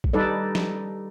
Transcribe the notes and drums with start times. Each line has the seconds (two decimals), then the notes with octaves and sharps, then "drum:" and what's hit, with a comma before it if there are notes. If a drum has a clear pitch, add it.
0.04 drum: kick
0.13 G3 D#4 A4 B4 D5
0.55 drum: snare